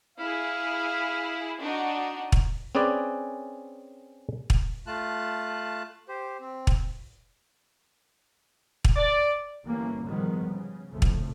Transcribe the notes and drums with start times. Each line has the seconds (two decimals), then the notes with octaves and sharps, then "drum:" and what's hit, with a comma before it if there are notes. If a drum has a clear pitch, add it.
0.18 E4 G#4 F5
1.60 D4 D#4 F#4
2.32 drum: kick
2.75 C4 C#4 G#4 B4 D5
4.50 drum: kick
4.87 A3 F4 A5 F#6
6.08 G4 C5
6.40 C4
6.67 drum: kick
8.85 drum: kick
8.96 D5
9.64 G1 E3 G3 A#3 C#4
10.04 G#2 D#3 F3 G3 G#3 B3
10.49 C#3
10.91 A#1 F2 A2 C#3 F3 A3
11.02 drum: kick